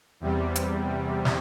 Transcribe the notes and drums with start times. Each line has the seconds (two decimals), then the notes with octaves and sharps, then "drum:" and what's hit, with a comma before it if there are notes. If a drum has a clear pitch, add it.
0.20 E2 C3 G3
0.56 drum: hi-hat
1.25 drum: snare